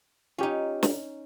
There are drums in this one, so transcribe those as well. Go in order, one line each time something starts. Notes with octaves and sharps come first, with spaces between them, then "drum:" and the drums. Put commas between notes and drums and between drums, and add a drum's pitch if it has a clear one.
C#4 D#4 F4 G4
drum: snare